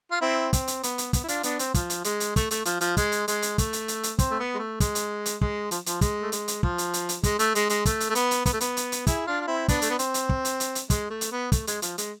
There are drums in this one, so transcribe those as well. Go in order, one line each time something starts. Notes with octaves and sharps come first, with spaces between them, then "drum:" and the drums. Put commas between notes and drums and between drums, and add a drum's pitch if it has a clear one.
F4
C4 E4
C4, drum: kick, hi-hat
drum: hi-hat
B3, drum: hi-hat
drum: hi-hat
B3, drum: kick, hi-hat
E4
D4 F4, drum: hi-hat
B3 D4, drum: hi-hat
C4, drum: hi-hat
F3, drum: kick, hi-hat
drum: hi-hat
G#3, drum: hi-hat
drum: hi-hat
A3, drum: kick, hi-hat
A3, drum: hi-hat
F3, drum: hi-hat
F3, drum: hi-hat
G#3, drum: kick, hi-hat
drum: hi-hat
G#3, drum: hi-hat
drum: hi-hat
A3, drum: kick, hi-hat
drum: hi-hat
drum: hi-hat
drum: hi-hat
C4, drum: kick, hi-hat
A3
B3
G#3
A3
G#3, drum: kick, hi-hat
drum: hi-hat
drum: hi-hat
G#3, drum: kick
F3, drum: hi-hat
F3, drum: hi-hat
G#3, drum: kick, hi-hat
A3
G#3, drum: hi-hat
drum: hi-hat
F3, drum: kick
drum: hi-hat
drum: hi-hat
drum: hi-hat
G#3, drum: kick, hi-hat
A3, drum: hi-hat
G#3, drum: hi-hat
G#3, drum: hi-hat
A3, drum: kick, hi-hat
drum: hi-hat
A3
B3, drum: hi-hat
drum: hi-hat
B3, drum: kick, hi-hat
A3
B3, drum: hi-hat
drum: hi-hat
drum: hi-hat
E4 G#4, drum: kick, hi-hat
D4 F4
F4
C4 E4
B3 D4, drum: kick, hi-hat
A3, drum: hi-hat
B3
C4, drum: hi-hat
drum: hi-hat
drum: kick
drum: hi-hat
drum: hi-hat
drum: hi-hat
G#3, drum: kick, hi-hat
A3
drum: hi-hat
B3
A3, drum: kick, hi-hat
G#3, drum: hi-hat
F3, drum: hi-hat
G#3, drum: hi-hat